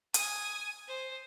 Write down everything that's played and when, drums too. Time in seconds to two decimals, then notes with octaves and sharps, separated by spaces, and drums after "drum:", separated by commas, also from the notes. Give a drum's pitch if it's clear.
0.14 G#5 D#6, drum: hi-hat
0.87 C5